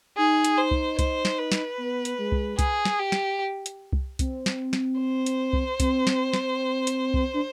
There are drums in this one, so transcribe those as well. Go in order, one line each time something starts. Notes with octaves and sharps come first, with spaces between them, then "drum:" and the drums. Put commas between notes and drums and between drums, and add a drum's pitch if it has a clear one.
D#4 G#4
drum: hi-hat
C5
drum: kick C2
C5, drum: kick C2, hi-hat
drum: snare
B4
drum: snare
B3
drum: hi-hat
G#3
drum: kick C2
G#4, drum: kick C2, hi-hat
drum: snare
G4
drum: snare
drum: hi-hat
drum: kick C2
C4, drum: kick C2, hi-hat
drum: snare
drum: snare
C5
drum: hi-hat
drum: kick C2
C4, drum: kick C2, hi-hat
drum: snare
drum: snare
drum: hi-hat
drum: kick C2
D4